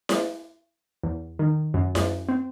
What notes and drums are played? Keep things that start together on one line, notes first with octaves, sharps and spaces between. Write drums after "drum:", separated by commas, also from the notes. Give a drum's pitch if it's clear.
drum: snare E4
E2
D#3
F#2
F#2, drum: snare E4
C4